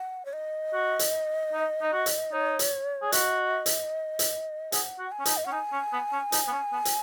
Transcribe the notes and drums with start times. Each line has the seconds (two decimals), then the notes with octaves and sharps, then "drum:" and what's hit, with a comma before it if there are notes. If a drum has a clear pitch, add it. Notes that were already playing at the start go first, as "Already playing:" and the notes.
Already playing: F#5
0.25 C#5
0.33 D#5
0.73 F#4
0.99 drum: hi-hat
1.53 D#4
1.82 D#4
1.93 F#4
2.06 drum: hi-hat
2.33 D#4 C#5
2.59 drum: hi-hat
3.02 G#4
3.12 F#4 D#5, drum: hi-hat
3.66 drum: hi-hat
4.19 drum: hi-hat
4.72 G#4 F#5, drum: hi-hat
4.99 F#4
5.12 G#5
5.20 C#4
5.25 D#4, drum: hi-hat
5.37 D#5
5.45 C#4 F#5
5.52 D#4 G#5
5.72 C#4
5.93 B3
6.13 C#4
6.32 D#4, drum: hi-hat
6.48 B3
6.52 C#4
6.72 B3
6.85 drum: hi-hat